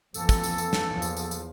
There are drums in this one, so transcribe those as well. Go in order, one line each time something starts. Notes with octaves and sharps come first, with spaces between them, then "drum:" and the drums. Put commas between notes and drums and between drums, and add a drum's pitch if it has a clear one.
F2 E3 A#3 A4, drum: tambourine
drum: kick, tambourine
drum: tambourine
drum: tambourine
drum: snare
E2 F3
drum: tambourine
drum: tambourine
drum: tambourine